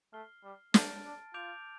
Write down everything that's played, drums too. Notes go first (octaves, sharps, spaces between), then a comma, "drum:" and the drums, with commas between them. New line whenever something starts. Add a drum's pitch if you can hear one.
A3 F6 C7 G7
G3
A3 A5 F6 A6 D7, drum: snare
D4
F4 D6 G6 D7 F7